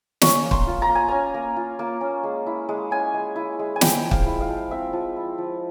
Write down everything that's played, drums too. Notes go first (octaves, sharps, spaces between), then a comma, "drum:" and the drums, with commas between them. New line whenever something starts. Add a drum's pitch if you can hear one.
C#4 C#6, drum: snare
A#3
C6, drum: kick
F4
A#5
A#3
G#5
C#4 A#5
A#3
F4
A#3
C#4
G#3
E4
G#3
C#4 G#5
G#3
E4
G#3
G#5
C4 G5, drum: snare
F3
F5, drum: kick
E4
F5
F3
C4 E5
F3
E4
F3